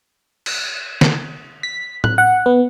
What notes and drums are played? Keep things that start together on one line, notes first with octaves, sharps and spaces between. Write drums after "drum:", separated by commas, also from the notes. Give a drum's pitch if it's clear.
drum: cymbal
drum: snare
B6
F#6, drum: tom A2
F#5
B3